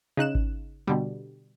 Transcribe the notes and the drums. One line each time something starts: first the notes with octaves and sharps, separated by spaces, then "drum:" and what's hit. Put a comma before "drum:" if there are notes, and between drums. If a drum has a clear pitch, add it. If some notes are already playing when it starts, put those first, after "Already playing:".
C#3 D#4 F#6 E7
drum: kick G#1
B2 D3 G3